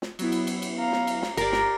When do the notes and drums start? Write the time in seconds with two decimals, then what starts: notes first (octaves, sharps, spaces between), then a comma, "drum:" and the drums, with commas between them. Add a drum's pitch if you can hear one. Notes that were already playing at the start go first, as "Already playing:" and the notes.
0.02 drum: snare
0.19 F#3 B3 E4, drum: cymbal
0.32 drum: cymbal
0.47 drum: cymbal
0.62 drum: cymbal
0.79 F5 A#5
0.92 drum: snare
1.07 drum: cymbal
1.22 drum: snare
1.37 G1 G4 A#4 D5 A#5, drum: cymbal
1.52 drum: snare